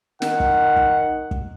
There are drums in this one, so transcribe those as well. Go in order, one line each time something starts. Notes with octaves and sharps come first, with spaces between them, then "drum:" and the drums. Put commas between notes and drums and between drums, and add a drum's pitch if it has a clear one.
D#3 F#5, drum: snare
drum: kick
drum: kick
drum: kick